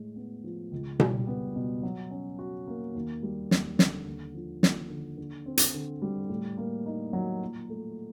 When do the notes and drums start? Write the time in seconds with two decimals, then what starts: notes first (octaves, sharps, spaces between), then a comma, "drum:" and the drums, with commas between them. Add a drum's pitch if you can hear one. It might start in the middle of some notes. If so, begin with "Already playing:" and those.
Already playing: A2 G#3
0.16 B3
0.44 F3
0.71 C#2
1.00 G3, drum: tom B2
1.27 B3
1.56 B2
1.83 F#3
2.11 C#4
2.39 F#4
2.67 A#3
2.95 D#2
3.23 G3
3.51 D#2, drum: snare
3.79 D3, drum: snare
4.07 D#2
4.34 F3
4.63 D#2, drum: snare
4.90 D3
5.18 D3
5.46 C4
5.58 drum: hi-hat
5.74 D3
6.02 G3
6.29 A2
6.58 A#3
6.86 D#4
7.13 F#3
7.42 A#2
7.70 A3